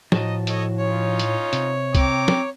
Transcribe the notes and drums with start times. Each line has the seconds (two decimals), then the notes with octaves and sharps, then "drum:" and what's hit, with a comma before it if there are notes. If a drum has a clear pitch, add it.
0.12 A2 F3 D#4 F#4 D#5 A5, drum: snare
0.47 A4 C#5 D#5, drum: hi-hat
0.78 C#4 D#4 F4 C#5
1.19 drum: hi-hat
1.53 C3, drum: hi-hat
1.95 C4 G5 A#5 D6, drum: kick C2, hi-hat
2.28 drum: snare